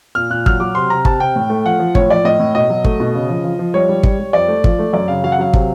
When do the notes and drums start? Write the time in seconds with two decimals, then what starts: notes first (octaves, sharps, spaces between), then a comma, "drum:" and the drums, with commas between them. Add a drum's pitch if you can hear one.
0.15 A#2 F6
0.30 A#2 F#6
0.46 F#3 F6, drum: kick
0.60 F#3 D6
0.75 C3 C6
0.90 C3 A#5
1.05 C3 A5, drum: kick
1.20 C3 G5
1.36 A2
1.50 A3
1.65 F3 F#5
1.79 F3
1.95 A2 C#5, drum: kick
2.10 F3 D5
2.24 A2 D#5
2.39 A2
2.55 B2 D#5
2.70 F#3
2.84 A3, drum: kick
3.00 B2
3.15 C#3
3.29 F3
3.44 F3
3.59 F3
3.74 G3 C#5
3.89 G3
4.03 G3, drum: kick
4.20 G3
4.33 F2 D5
4.48 A3
4.64 F3, drum: kick
4.79 A3
4.93 F#2 D5
5.08 C#3 F5
5.24 F#3 F5
5.32 F#5
5.39 F#3 F5
5.53 C3, drum: kick